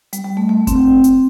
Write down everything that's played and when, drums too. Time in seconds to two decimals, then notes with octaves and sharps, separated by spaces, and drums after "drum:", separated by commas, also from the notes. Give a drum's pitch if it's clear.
0.13 G3, drum: hi-hat
0.25 G3
0.37 A3
0.49 A3
0.67 C4, drum: kick F#1, hi-hat
1.04 drum: hi-hat